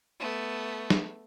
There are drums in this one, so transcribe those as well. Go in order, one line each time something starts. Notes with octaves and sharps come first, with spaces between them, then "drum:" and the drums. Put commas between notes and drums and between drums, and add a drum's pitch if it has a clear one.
A3 B3
drum: snare